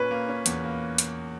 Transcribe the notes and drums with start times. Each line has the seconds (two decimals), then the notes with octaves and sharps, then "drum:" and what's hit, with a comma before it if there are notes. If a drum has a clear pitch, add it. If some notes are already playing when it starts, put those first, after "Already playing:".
Already playing: A#2 C#4 B4
0.11 A#3
0.29 C#4
0.46 E2, drum: hi-hat
0.64 A#3
0.98 drum: hi-hat